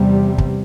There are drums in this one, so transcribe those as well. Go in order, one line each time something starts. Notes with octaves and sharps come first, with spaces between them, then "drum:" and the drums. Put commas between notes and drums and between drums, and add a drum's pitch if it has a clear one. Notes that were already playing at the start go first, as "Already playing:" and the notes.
Already playing: E2 C3 G3
drum: kick